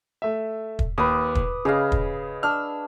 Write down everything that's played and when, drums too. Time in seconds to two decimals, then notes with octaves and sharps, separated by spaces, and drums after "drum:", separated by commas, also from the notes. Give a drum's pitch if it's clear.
0.22 A3 E5
0.79 drum: kick
0.98 D#2 B4 D6 D#6
1.35 drum: kick
1.65 C#3 G#4 D#5 F5
1.92 drum: kick
2.43 D4 E6 F6